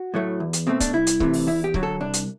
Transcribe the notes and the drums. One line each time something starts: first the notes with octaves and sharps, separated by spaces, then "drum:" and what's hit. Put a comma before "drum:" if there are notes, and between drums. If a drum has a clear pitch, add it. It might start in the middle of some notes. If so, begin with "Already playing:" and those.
Already playing: F#4
A2 F#3 A3
E2
drum: hi-hat
B2 A3 C4
D4, drum: kick C#1, hi-hat
C2 E4
drum: hi-hat
C3 E3 A3, drum: kick C#1
drum: open hi-hat
E2 E4
G4
D3 F#3, drum: kick C#1
A4
C2 D4
drum: hi-hat